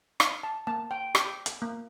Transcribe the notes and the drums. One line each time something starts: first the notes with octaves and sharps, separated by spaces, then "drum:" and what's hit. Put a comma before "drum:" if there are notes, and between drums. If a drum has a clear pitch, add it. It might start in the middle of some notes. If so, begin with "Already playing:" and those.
D#4 F5, drum: rim click
A5
A#3 A5
G5
G4, drum: rim click
drum: hi-hat
A#3